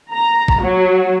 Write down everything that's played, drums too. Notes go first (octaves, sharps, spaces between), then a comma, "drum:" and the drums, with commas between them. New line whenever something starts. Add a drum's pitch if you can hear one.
A#5
drum: kick
F#3